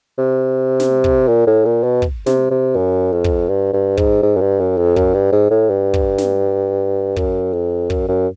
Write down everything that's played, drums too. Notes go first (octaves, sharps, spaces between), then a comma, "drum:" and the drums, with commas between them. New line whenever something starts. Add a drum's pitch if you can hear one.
C3
drum: snare
drum: kick
A#2
A2
A#2
B2
drum: kick
C3, drum: snare
C3
F#2
F2
drum: kick
G2
G2
G#2, drum: kick
G#2
F#2
G2
F#2
F2
F#2, drum: kick
G2
G#2
A2
G2
drum: kick
drum: snare
F#2, drum: kick
F2
F#2, drum: kick
F#2